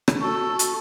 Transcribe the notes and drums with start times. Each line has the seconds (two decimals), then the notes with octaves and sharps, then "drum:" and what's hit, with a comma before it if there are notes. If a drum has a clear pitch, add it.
0.08 drum: rim click
0.22 F#4 A4
0.59 drum: hi-hat